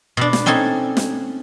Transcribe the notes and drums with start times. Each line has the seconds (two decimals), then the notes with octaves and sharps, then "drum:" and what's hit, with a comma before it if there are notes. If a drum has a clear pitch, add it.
0.17 B2 D4
0.33 drum: snare
0.46 C4 C#4 D#4 A4 G#5
0.97 drum: snare